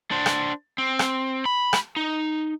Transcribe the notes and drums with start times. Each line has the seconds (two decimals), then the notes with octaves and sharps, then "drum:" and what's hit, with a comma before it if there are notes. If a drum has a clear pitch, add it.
0.11 D4 C5
0.26 drum: rim click
0.78 C4
0.99 drum: rim click
1.46 B5
1.73 drum: rim click
1.96 D#4